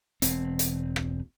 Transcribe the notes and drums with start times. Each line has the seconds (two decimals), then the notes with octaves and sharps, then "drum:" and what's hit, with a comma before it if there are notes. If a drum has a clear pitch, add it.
0.22 E1 C4, drum: hi-hat
0.59 drum: hi-hat
0.96 drum: rim click